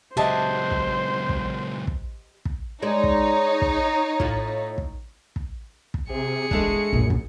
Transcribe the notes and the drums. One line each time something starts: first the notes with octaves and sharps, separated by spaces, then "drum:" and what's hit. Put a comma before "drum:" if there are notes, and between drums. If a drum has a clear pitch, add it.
C#2 F#3 G4 C5 D#5 E5 A5
drum: kick
drum: kick
drum: kick
drum: kick
G#3 D#4 C#5 D5
drum: kick
drum: kick
A2 F4, drum: kick
drum: kick
drum: kick
drum: kick
C3 G#4 C#7
E1 G#3 A3 D4, drum: kick
A#1 F#2 F4
drum: kick